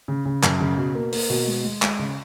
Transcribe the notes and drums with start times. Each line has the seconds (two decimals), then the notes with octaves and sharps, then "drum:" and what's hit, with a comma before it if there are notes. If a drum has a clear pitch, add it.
0.08 C#3
0.26 C#3
0.43 F#2, drum: clap
0.61 C#3
0.78 B2
0.95 A#3
1.12 A#3, drum: open hi-hat
1.30 B2
1.47 G#3
1.64 G#3
1.82 G#3, drum: clap
1.99 C#3